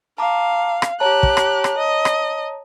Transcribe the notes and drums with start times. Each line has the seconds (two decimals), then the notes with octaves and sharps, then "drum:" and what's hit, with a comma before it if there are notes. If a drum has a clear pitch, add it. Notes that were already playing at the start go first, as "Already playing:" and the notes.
0.18 F5 A5 A#5 D6
0.82 drum: rim click
1.00 G4 C#5 A5 A#5 F#6
1.23 drum: kick
1.37 drum: rim click
1.64 drum: rim click
1.78 D#5
2.05 drum: rim click